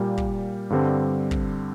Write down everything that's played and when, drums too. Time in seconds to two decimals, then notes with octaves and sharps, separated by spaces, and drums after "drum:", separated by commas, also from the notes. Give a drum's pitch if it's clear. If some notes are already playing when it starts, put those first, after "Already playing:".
Already playing: A#2 G3 A#3
0.17 drum: kick
0.70 G2 D3 G3 C4
1.31 drum: kick